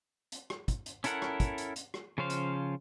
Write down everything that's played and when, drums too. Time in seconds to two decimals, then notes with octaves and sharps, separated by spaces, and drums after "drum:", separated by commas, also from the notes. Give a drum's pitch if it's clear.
0.32 drum: hi-hat
0.50 drum: rim click
0.68 drum: kick, hi-hat
0.86 drum: hi-hat
1.04 C#4 E4 A4 A#4 F#5, drum: hi-hat
1.22 drum: rim click
1.40 drum: kick, hi-hat
1.58 drum: hi-hat
1.76 drum: hi-hat
1.94 drum: rim click
2.18 C#3 F3 C#4 C5 F5
2.30 drum: hi-hat